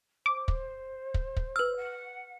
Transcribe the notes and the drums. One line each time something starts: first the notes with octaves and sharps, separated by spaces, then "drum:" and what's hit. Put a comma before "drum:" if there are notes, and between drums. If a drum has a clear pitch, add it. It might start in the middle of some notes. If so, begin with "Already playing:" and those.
C5 D6
drum: kick
drum: kick
drum: kick
B4 E6 F6
F#5